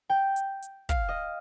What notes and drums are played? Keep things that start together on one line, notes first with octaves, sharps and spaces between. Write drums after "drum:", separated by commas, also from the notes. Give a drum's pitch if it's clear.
G5
drum: hi-hat
drum: hi-hat
F5, drum: kick, hi-hat
D#5